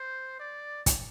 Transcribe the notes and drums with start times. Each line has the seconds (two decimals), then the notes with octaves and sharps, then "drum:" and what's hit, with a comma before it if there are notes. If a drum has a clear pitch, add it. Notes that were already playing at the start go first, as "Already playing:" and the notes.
Already playing: C5
0.39 D5
0.86 drum: kick, hi-hat